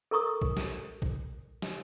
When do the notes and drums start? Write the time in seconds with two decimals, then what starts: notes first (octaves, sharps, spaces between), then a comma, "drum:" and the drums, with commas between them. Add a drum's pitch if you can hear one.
0.11 A4 A#4 A#5 C#6 D#6
0.42 drum: kick
0.57 drum: snare
1.02 drum: kick
1.62 drum: snare